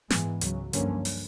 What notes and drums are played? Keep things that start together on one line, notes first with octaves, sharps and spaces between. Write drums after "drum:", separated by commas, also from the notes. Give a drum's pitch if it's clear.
G#2 E3 G#3 B3, drum: snare
C#2 C#3 F#3, drum: hi-hat
G2 D3 F3 A#3 C#4, drum: hi-hat
drum: open hi-hat